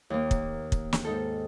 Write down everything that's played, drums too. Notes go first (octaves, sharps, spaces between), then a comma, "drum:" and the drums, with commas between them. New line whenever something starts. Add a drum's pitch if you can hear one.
D#2 A#3
drum: kick
drum: kick
drum: snare
G#2 D#4 A4